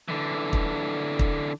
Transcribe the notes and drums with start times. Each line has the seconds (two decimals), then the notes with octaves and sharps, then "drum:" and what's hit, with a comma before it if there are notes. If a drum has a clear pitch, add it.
0.08 D3 E3
0.53 drum: kick
1.19 drum: kick